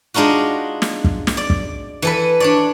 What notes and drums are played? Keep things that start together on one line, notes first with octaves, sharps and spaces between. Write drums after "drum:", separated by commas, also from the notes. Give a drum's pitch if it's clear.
G#3 D4 D#4 F4 F#4
drum: snare
drum: kick
drum: snare
D5
drum: kick
E3 A4 B4
D4 C#5 D5